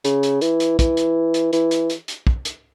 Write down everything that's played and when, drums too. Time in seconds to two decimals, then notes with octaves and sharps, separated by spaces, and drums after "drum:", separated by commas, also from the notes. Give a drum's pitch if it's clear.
0.05 C#3, drum: hi-hat
0.23 drum: hi-hat
0.41 E3, drum: hi-hat
0.60 drum: hi-hat
0.79 E3, drum: kick, hi-hat
0.97 drum: hi-hat
1.34 drum: hi-hat
1.53 E3, drum: hi-hat
1.71 drum: hi-hat
1.90 drum: hi-hat
2.08 drum: hi-hat
2.27 drum: kick
2.45 drum: hi-hat